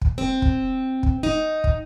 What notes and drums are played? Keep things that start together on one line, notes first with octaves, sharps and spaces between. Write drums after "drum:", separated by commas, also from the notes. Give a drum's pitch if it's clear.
drum: kick
C4
drum: kick
drum: kick
D#4
drum: kick